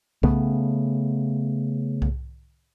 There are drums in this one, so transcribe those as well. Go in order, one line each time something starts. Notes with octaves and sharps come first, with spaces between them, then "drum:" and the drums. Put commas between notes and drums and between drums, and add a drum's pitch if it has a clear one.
C#3 A3 B3, drum: kick C2
drum: kick C2